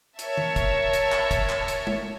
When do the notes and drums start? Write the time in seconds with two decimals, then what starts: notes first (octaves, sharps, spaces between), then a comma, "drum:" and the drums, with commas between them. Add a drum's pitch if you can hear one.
0.19 A#4 C#5 E5 A5, drum: hi-hat
0.37 drum: tom D#3
0.56 drum: kick, hi-hat
0.93 drum: hi-hat
1.12 drum: clap
1.31 drum: kick, hi-hat
1.49 drum: clap
1.68 drum: hi-hat
1.87 drum: tom